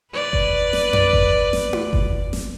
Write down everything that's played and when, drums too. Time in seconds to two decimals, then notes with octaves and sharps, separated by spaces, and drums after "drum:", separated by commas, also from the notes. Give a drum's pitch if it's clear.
0.13 B4 D5
0.33 drum: kick G1
0.73 drum: snare
0.93 drum: tom F2
1.13 drum: kick G1
1.53 drum: snare
1.73 drum: tom E4
1.93 drum: kick G1
2.33 drum: snare